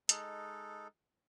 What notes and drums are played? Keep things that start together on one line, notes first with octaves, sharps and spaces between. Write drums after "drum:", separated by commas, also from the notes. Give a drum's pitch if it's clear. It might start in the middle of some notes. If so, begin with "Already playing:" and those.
G#3 D#4 A4, drum: hi-hat